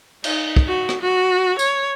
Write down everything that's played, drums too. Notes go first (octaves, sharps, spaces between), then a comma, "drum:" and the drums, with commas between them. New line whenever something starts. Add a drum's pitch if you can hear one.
D#4, drum: cymbal
drum: kick
F#4
drum: rim click
F#4
C#5, drum: tambourine